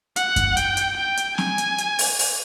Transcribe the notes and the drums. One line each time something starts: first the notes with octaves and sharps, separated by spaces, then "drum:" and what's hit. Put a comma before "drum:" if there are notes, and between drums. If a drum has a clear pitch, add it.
F#5, drum: hi-hat
drum: kick F#2, hi-hat
G5, drum: hi-hat
drum: hi-hat
G5
drum: hi-hat
G#5, drum: snare C4
drum: hi-hat
drum: hi-hat
drum: open hi-hat
drum: open hi-hat